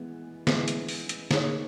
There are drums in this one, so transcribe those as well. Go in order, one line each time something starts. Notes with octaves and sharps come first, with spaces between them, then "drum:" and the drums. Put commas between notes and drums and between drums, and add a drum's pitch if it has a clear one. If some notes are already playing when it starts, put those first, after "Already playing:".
Already playing: E3 G#3 B3 E4
E3 G#3 B3 E4, drum: snare
drum: hi-hat
drum: open hi-hat
drum: hi-hat
A#3 D#4 G#4 C#5, drum: snare